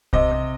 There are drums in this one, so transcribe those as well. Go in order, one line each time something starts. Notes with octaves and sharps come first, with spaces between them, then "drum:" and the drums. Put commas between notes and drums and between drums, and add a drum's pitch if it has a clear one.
C3 D#5, drum: kick
C3